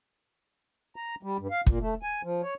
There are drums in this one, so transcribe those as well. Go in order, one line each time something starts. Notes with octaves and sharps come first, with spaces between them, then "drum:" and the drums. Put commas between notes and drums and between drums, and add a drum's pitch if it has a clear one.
A#5
G3
G2
F5
A#2, drum: kick
A3
G#5
F3
C#5